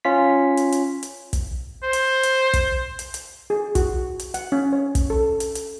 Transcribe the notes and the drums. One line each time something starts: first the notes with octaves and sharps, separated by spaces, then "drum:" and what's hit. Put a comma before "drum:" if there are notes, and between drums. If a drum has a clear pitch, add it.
C#4 F4 B6
drum: hi-hat
drum: hi-hat
drum: hi-hat
drum: kick, hi-hat
C5
drum: hi-hat
drum: hi-hat
drum: kick, hi-hat
drum: hi-hat
drum: hi-hat
G#4
F#4, drum: kick, hi-hat
drum: hi-hat
F#5, drum: hi-hat
C#4
C#5
drum: kick, hi-hat
A4
drum: hi-hat
drum: hi-hat